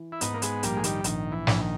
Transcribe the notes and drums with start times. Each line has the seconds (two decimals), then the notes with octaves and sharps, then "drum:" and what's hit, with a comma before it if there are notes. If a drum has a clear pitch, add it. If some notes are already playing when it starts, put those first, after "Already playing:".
Already playing: E3
0.12 E4
0.21 G#2 B3 D#4, drum: hi-hat
0.34 A#3
0.42 G#3 B3, drum: hi-hat
0.63 A#1 G3 A#3, drum: hi-hat
0.77 G#3
0.84 D#3 G3, drum: hi-hat
1.04 A#1 D#3, drum: hi-hat
1.32 E3
1.47 A#1, drum: snare
1.61 D#3